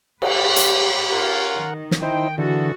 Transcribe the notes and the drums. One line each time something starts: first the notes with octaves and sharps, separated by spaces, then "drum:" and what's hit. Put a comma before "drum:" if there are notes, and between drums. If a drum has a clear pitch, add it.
G4 B4, drum: cymbal
drum: hi-hat
C#4 F4 A#4 F#5
D#3
drum: snare
D#4 E4 C5 G5
D3 E3 F#4 G#4 A4